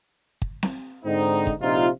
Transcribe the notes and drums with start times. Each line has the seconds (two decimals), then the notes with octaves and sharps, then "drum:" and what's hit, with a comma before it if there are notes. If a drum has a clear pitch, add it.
0.42 drum: kick
0.63 drum: snare C4
1.05 G#2 D3 C4 D#4
1.47 drum: kick
1.61 A#1 C3 D#4 F4